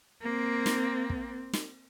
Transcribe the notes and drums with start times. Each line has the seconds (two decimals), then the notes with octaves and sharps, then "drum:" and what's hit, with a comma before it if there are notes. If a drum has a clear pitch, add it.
0.22 A#3 C4
0.66 drum: snare
1.10 drum: kick
1.53 drum: snare